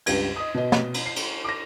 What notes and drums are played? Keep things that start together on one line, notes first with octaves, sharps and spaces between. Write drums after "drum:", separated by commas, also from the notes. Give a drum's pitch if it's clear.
C#2 G2 G4 B4 G#6, drum: cymbal
D#5 D#6
B2 D#5
drum: snare
drum: cymbal
C7
drum: cymbal
D6 A#6